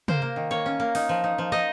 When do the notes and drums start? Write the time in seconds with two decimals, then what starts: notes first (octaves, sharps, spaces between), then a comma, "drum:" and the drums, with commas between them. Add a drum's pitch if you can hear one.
0.08 A#3 C5, drum: tom
0.22 A#3
0.36 D#3
0.51 A#3 C#5
0.66 C#4
0.80 A#3
0.95 D#4, drum: open hi-hat
1.09 F3
1.24 D#4
1.38 F3
1.52 D#4 D#5